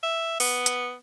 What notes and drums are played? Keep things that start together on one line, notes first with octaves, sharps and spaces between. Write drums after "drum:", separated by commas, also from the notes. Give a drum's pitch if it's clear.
E5
B3, drum: open hi-hat
drum: hi-hat